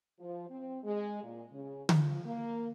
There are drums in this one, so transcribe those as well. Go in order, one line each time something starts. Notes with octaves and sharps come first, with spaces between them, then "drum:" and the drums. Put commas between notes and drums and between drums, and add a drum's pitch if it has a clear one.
F3
C4
G#3
A#2
C#3
F3, drum: tom D3
A#3